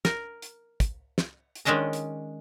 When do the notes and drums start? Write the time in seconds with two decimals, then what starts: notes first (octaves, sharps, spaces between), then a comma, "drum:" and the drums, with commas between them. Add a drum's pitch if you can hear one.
0.05 A#4, drum: snare
0.42 drum: hi-hat
0.80 drum: kick, hi-hat
1.18 drum: snare
1.55 drum: hi-hat
1.65 D#3 G#3 C#4 D4 D#5 A#5
1.93 drum: hi-hat